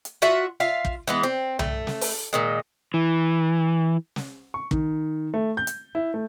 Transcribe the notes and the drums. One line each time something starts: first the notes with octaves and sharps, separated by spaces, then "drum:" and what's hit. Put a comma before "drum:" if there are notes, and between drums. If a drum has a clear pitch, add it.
drum: hi-hat
F4 F#4 E5 F#5
F4 E5 F5
drum: kick
E3 G#3 B3
C4
A3, drum: tom C2
drum: snare
drum: open hi-hat
A#2 D#3 G#3
E3
drum: snare
C#6
D#3, drum: kick
A3
G6
drum: hi-hat
E4
A3